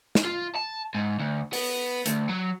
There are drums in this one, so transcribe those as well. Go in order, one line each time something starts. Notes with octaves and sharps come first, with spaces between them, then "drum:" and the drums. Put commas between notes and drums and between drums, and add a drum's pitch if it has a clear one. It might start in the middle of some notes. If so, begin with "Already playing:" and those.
drum: snare
F4
A5
G#2
D2
B3, drum: open hi-hat
D2, drum: hi-hat
F#3